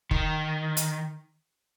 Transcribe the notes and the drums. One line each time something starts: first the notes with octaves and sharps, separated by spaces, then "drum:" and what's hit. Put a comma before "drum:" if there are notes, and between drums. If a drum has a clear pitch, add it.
D#3, drum: kick
drum: hi-hat